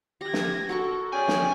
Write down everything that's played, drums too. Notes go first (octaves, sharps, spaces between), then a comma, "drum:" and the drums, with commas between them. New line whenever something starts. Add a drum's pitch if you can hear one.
G4 G#6 A#6
drum: snare
F#4 A4 A#4 C#6
B1 C#4 G#4 D5 G5 G#5
drum: snare